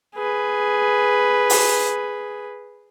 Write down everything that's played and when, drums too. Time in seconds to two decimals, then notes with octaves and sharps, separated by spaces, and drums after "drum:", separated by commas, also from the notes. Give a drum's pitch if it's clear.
0.16 G#4 B4
1.50 drum: open hi-hat